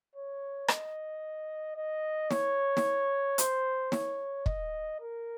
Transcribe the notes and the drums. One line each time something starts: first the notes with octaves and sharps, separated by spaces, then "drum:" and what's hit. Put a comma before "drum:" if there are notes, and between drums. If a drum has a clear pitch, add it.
C#5
D#5, drum: rim click
D#5
C#5, drum: snare
drum: snare
C5, drum: hi-hat
C#5, drum: snare
D#5, drum: kick
A#4